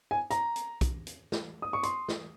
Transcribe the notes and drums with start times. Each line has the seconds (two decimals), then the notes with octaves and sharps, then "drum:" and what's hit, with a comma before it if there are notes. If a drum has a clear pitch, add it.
0.11 G#5
0.31 A#5, drum: hi-hat
0.56 drum: hi-hat
0.81 drum: kick B1, hi-hat
1.07 drum: hi-hat
1.32 drum: snare
1.62 D#6
1.73 C#6
1.83 C6, drum: hi-hat
2.08 drum: snare